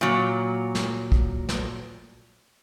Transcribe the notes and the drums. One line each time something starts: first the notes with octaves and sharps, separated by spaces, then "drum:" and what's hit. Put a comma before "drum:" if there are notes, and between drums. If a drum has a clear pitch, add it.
A#2 F#3
drum: snare
drum: kick
drum: snare